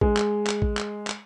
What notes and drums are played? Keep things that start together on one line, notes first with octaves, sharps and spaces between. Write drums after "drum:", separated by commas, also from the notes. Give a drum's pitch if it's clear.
G#3, drum: kick A1
drum: clap
drum: clap
drum: kick A1
drum: clap
drum: clap